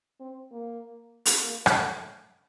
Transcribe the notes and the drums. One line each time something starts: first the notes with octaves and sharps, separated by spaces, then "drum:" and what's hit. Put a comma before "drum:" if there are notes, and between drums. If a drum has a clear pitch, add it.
C4
A#3
drum: hi-hat
A#3
drum: rim click
A3